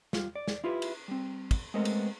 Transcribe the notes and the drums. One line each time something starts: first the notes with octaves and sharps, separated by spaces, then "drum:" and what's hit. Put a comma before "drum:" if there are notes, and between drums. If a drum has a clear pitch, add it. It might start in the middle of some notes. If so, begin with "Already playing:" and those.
G3 F4, drum: snare
D5
drum: snare
E4 F4 G4 B4
drum: cymbal
G3 C4
drum: kick, cymbal
G#3 A3 B3 C4 A#4 D#5
drum: cymbal